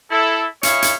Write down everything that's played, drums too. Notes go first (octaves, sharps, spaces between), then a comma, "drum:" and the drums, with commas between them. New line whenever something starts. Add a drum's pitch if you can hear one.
E4 A4
E4 G#4 C#5 D#5 F5, drum: hi-hat
drum: hi-hat